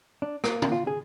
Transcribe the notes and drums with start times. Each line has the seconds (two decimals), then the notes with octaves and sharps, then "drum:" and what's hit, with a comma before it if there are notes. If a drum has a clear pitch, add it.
0.22 D4
0.44 A#3, drum: rim click
0.62 drum: tom
0.72 F4
0.87 G#4